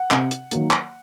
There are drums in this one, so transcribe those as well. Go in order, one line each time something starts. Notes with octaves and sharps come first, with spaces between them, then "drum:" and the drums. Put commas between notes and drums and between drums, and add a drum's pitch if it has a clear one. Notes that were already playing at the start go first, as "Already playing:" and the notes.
Already playing: F#5
C3, drum: clap
drum: hi-hat
D#3 F#3 A#3, drum: hi-hat
drum: clap